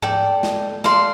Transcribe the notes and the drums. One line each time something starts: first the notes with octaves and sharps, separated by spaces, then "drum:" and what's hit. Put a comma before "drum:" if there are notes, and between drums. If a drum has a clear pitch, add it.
A4 D5 G5, drum: tom G#2
drum: snare
A4 D5 F5 C6, drum: snare